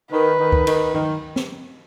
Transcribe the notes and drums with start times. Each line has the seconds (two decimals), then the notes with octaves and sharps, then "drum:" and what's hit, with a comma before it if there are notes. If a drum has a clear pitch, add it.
0.12 D#3 B4
0.39 D#3
0.52 drum: kick C#2
0.67 D#3, drum: cymbal
0.94 D#3, drum: tom G2
1.36 drum: snare